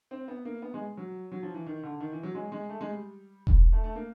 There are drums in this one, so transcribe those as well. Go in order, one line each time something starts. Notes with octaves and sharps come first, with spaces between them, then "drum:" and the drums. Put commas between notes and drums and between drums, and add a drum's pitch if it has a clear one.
C4
B3
A#3
B3
G#3
F#3
F#3
F3
E3
D#3
D3
D#3
E3
F#3
G#3
G#3
A3
G#3
G3
drum: kick E1
A3
A3
A#3